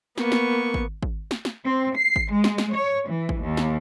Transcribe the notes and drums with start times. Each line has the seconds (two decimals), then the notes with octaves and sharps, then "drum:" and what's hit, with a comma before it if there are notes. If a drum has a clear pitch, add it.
0.18 A#3 B3 C#6, drum: snare
0.32 drum: snare
0.74 drum: kick G#1
1.03 drum: kick G#1
1.31 drum: snare
1.45 drum: snare
1.65 C4
1.96 C7
2.16 drum: kick G#1
2.33 G#3
2.44 drum: snare
2.58 drum: snare
2.74 C#5
3.08 E3
3.29 drum: kick G#1
3.39 D#2
3.57 drum: snare